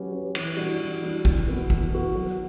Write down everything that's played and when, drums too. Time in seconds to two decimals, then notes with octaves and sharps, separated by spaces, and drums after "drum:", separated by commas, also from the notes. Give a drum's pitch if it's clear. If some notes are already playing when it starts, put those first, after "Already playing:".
Already playing: F#3 C#4 G4 B4
0.12 C#4 G4 B4
0.35 E3, drum: cymbal
0.57 G3 D4 F#4
0.79 E3
1.02 G3 D4 F#4
1.25 E3, drum: kick
1.47 B3 F#4 B4
1.70 E3, drum: kick
1.93 B3 F#4 B4
2.15 F#3